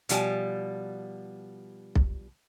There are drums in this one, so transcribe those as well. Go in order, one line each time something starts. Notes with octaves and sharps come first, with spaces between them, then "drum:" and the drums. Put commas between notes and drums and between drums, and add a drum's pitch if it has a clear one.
B2 F3 G3 G#5, drum: hi-hat
drum: kick B1